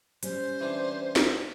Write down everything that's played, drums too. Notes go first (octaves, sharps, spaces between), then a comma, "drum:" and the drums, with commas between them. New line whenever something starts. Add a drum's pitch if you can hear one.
G3 C#4 C5, drum: hi-hat
E3 C4 D4
drum: snare